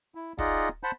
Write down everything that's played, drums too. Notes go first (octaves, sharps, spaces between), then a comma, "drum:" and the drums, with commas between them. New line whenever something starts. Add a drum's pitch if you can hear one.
E4
D#4 F4 G#4 D5 D#5 F#5, drum: kick
C5 F#5 A5 B5 G6